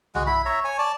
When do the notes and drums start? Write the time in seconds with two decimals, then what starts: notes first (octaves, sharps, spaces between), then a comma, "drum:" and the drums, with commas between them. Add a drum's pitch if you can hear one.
0.15 G#3 F#4, drum: tom B1
0.27 E4 B5
0.45 C#5 E5 A#5
0.65 C#5 G#5
0.79 D5 A5